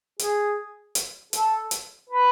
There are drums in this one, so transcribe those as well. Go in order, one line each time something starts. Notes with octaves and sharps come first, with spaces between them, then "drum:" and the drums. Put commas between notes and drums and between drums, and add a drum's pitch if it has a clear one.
G#4, drum: hi-hat
drum: hi-hat
A4, drum: hi-hat
drum: hi-hat
B4